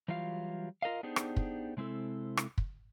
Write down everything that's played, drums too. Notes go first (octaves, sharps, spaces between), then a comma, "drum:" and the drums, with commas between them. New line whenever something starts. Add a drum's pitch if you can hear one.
E3 F#3 G3 F4 F5
F4 A#4 D#5 F5
B3 D4 D#4 G4 G#4 C5
drum: rim click
drum: kick
C3 G#3 C4 E4 A4
drum: rim click
drum: kick